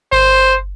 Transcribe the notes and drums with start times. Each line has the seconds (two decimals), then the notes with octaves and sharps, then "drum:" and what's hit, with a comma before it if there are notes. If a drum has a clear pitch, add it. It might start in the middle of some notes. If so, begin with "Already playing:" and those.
0.12 C5, drum: kick G1